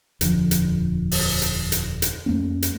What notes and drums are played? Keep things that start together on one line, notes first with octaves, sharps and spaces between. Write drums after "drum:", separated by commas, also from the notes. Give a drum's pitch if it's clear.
D#1 F2 D3 F3, drum: hi-hat
drum: hi-hat
drum: open hi-hat
drum: hi-hat
drum: hi-hat
drum: hi-hat
F2 A3 A#3 C#4
drum: hi-hat